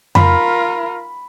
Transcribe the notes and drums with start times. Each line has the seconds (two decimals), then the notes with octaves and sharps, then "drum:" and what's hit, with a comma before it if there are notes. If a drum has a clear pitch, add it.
0.15 F4 A#4 B5, drum: tom F2